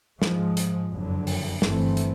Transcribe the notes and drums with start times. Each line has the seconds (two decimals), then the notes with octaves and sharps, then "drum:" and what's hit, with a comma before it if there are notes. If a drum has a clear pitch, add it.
0.22 G#2 F3 G#3, drum: snare
0.57 drum: hi-hat
0.92 F#1 F2 D3 F#3
1.27 drum: open hi-hat
1.62 G1 G2 E3 A3 C4, drum: snare
1.97 drum: hi-hat